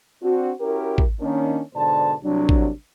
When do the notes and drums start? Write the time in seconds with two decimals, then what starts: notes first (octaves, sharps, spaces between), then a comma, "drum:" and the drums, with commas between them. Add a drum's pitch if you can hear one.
0.23 C4 D4 F#4
0.61 C#4 E4 F#4 G4 A#4
0.98 drum: kick
1.20 D#3 A#3 C#4 D4
1.75 G#2 B2 D3 C5 D5 A5
2.23 C2 F#3 D4
2.49 drum: kick